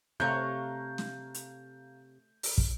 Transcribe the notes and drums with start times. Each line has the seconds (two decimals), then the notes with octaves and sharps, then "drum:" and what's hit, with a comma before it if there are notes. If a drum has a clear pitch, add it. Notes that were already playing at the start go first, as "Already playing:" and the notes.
0.20 C3 A3 C#5 F5 A#5 F#6 G6
0.98 drum: snare
1.34 drum: hi-hat
2.43 drum: open hi-hat
2.58 drum: kick